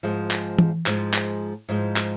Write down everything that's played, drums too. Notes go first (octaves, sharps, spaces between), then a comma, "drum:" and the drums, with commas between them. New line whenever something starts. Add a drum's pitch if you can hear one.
G#2 F3 G#3
drum: clap
drum: tom E3
G#2 F3 G#3, drum: clap
drum: clap
G#2 F3 G#3
drum: clap